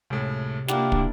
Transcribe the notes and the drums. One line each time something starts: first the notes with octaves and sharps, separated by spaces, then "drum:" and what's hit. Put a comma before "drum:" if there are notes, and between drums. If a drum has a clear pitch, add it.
C#2 A2 C3
A#3 D4 E4 F4 G4 F#5, drum: snare
drum: kick